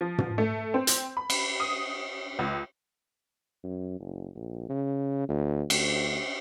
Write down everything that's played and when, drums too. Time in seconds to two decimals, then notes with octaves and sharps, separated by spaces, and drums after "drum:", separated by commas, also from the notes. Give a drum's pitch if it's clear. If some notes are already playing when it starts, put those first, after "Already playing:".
0.01 F3
0.18 drum: tom
0.38 A3
0.74 C4
0.87 drum: hi-hat
1.17 B5
1.30 drum: cymbal
1.60 D#6
2.39 C#2
3.64 F#2
4.00 F#1
4.35 A#1
4.69 C#3
5.29 D2
5.70 D2, drum: cymbal